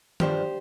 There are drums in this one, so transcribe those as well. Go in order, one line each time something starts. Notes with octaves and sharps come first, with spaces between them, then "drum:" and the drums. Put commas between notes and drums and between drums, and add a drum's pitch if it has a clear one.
G2 F3 D4 G4 C5, drum: tom D#3